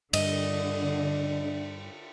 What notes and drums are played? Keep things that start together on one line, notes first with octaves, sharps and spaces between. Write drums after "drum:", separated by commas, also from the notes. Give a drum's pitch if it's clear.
G2 D3 D4 D#5, drum: cymbal